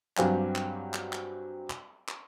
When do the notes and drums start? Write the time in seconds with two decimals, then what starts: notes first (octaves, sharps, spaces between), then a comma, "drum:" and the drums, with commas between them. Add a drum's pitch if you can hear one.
0.17 G2 F#3 C4 G4 F5 G#5, drum: clap
0.55 drum: clap
0.94 drum: clap
1.13 drum: clap
1.70 drum: clap
2.08 drum: clap